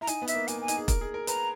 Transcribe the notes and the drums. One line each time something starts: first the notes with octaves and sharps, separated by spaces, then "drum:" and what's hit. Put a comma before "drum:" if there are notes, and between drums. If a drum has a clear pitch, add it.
E4 A#5
D#4 G#5, drum: hi-hat
B3
E5, drum: hi-hat
A#3
A#3 G#5, drum: hi-hat
G#5
D#4, drum: hi-hat
G#4
A#4, drum: kick E1, hi-hat
G#4
A#4
B4 A#5, drum: hi-hat